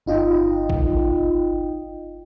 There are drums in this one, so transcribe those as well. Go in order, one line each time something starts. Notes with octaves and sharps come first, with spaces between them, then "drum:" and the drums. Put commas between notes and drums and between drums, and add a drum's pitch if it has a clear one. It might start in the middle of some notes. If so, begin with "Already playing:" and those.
G1 D#4 F4 D#5 G5
drum: kick A#1